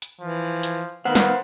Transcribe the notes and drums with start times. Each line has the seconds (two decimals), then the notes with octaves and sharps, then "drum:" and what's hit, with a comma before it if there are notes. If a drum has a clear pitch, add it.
0.02 drum: hi-hat
0.21 E3 F3
0.63 drum: hi-hat
1.05 D#3 B3 C5 F5 F#5
1.15 drum: snare